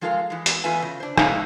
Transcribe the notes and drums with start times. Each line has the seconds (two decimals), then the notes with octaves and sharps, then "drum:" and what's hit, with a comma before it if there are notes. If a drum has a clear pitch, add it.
0.01 F3 G#3 F4 A4 A#4 F5
0.30 E3 G#3
0.46 drum: hi-hat
0.64 E2 A3 F4 B4 E5 G#5
0.82 C#3
1.00 D4 C5
1.17 G#3 A3 D#4 E5 F5, drum: rim click